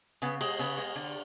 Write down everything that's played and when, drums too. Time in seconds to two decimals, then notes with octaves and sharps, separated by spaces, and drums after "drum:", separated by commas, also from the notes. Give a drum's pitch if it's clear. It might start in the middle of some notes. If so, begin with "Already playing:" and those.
0.22 C#3 B3
0.41 G#3, drum: cymbal
0.59 C#3 B3
0.78 G#3
0.96 D3